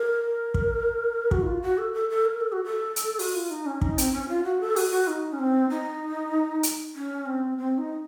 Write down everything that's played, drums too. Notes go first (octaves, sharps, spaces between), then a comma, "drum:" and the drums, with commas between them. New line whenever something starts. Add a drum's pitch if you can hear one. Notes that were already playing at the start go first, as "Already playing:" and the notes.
Already playing: A#4
drum: kick
F#4, drum: kick
D#4
F4
F#4
A4
A4
A4
A#4
A4
F#4
A4
drum: hi-hat
F#4, drum: open hi-hat
F4
D#4
C#4
D#4, drum: kick
C4, drum: hi-hat
C#4
F4
F#4
A4
F#4, drum: open hi-hat
F#4
D#4
C#4
C4
D#4
drum: hi-hat
C#4
C4
C4
D#4